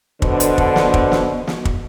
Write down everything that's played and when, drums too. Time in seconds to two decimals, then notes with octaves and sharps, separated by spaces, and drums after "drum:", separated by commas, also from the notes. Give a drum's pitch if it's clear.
0.22 B2 D3 C5, drum: kick
0.40 drum: hi-hat
0.58 drum: kick
0.76 drum: snare
0.94 drum: kick
1.12 drum: snare
1.47 drum: snare
1.65 drum: kick